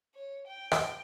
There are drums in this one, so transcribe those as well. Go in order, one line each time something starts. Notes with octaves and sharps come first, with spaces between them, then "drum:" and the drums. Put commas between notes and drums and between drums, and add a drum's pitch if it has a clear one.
C#5
G5
drum: rim click